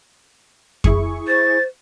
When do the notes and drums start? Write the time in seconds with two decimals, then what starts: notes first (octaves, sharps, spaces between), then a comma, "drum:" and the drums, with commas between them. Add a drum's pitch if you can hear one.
0.84 E4 G#4 C#6, drum: kick F2
1.27 C5 A6